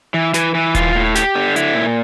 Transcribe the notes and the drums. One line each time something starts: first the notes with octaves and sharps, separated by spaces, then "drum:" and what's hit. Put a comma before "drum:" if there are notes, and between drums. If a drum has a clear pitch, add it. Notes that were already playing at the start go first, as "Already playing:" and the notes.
E3
E3, drum: snare
E3
F4, drum: kick D#1, hi-hat
A2
G4, drum: snare
D3
E4, drum: hi-hat
A#2